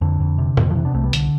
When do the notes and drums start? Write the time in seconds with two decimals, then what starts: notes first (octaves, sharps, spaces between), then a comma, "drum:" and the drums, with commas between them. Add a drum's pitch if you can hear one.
0.01 F2 D3
0.20 F2
0.38 C3
0.57 F2, drum: tom
0.70 F3
0.75 C3 E3
0.85 B3 D4
0.94 C2 A3 C4
1.04 G3 B3
1.13 C2 D3, drum: hi-hat